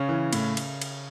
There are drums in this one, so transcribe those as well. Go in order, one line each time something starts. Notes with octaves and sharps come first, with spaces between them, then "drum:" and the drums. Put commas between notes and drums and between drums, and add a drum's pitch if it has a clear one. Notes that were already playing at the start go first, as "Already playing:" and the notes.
Already playing: C#3 C#4
E3
A2, drum: cymbal
drum: cymbal
drum: cymbal